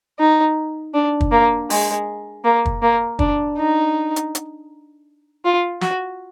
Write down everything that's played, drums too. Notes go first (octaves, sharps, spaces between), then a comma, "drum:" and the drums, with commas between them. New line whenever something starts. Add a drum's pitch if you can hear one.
D#4
D4
drum: kick
A#3
G#3, drum: open hi-hat
A#3
drum: kick
A#3
D4, drum: kick
D#4
drum: hi-hat
drum: hi-hat
F4
F#4, drum: snare